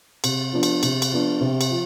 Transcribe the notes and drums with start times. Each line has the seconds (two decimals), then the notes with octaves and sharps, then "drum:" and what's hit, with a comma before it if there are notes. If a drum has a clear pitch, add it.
0.24 C3, drum: cymbal
0.53 F3 B3 D4
0.63 drum: cymbal
0.83 C3, drum: cymbal
1.02 drum: cymbal
1.12 F3 B3 D4
1.41 C3
1.61 drum: cymbal
1.70 F3